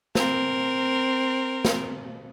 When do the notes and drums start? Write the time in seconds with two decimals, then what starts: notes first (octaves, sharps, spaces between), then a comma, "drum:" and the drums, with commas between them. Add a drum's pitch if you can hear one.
0.15 C4 A#4, drum: snare
1.65 drum: snare